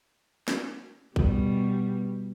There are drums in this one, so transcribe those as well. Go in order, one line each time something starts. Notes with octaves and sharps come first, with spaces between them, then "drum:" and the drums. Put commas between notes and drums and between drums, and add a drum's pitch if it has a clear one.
drum: snare
B2 G3, drum: kick